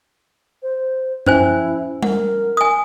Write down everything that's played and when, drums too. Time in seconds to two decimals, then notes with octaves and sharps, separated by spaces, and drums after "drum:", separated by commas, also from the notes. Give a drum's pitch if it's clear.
0.63 C5
1.26 C#4 E4 C5 G#5, drum: tom F#2
2.03 A#4 F#5, drum: tom G3
2.57 G#5 D#6